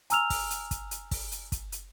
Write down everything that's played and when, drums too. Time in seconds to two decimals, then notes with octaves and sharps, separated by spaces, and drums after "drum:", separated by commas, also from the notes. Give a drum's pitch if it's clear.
0.10 G#5 A#5 E6 F6 F7, drum: hi-hat
0.30 drum: kick, open hi-hat
0.51 drum: hi-hat
0.71 drum: kick, hi-hat
0.91 drum: hi-hat
1.11 drum: kick, open hi-hat
1.32 drum: hi-hat
1.52 drum: kick, hi-hat
1.72 drum: hi-hat